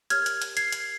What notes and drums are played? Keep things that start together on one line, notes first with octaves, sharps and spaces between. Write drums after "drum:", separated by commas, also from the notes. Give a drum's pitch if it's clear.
G4 A#4 C#5 F6 G#6, drum: hi-hat
drum: hi-hat
drum: hi-hat
G#6 C7, drum: hi-hat
drum: hi-hat